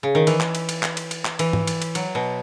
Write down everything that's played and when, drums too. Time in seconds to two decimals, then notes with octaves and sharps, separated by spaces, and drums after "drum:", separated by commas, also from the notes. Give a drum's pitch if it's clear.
0.03 C#3
0.15 D#3
0.27 E3, drum: cymbal
0.41 drum: clap
0.55 drum: cymbal
0.69 drum: cymbal
0.83 drum: clap
0.97 drum: cymbal
1.11 drum: cymbal
1.25 drum: clap
1.39 E3, drum: cymbal
1.53 drum: tom G#2
1.67 drum: cymbal
1.82 drum: cymbal
1.95 F#3, drum: cymbal
2.15 B2